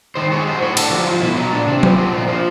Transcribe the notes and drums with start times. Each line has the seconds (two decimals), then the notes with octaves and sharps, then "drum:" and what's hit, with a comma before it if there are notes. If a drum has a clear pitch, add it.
0.15 D#3 C5
0.31 G#3 C#5
0.47 F#3 C5
0.62 A2 C#5
0.77 D3 A4, drum: cymbal
0.91 F3 F#4
1.07 F#3 F4
1.21 B2 E4
1.32 E4
1.37 F#3 D#4
1.52 A#2 D4
1.67 C3 D4
1.78 C4
1.83 F3 B3, drum: tom F#3
1.97 F#3 C4
2.12 A#2 C4
2.28 F3 A#3